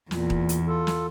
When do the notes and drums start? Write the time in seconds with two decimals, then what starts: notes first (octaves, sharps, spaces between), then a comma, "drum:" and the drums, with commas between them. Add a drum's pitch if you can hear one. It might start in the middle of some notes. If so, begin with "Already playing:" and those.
0.11 E2 A#2, drum: snare
0.30 drum: kick D#1
0.49 drum: hi-hat
0.68 F4 A4
0.87 drum: snare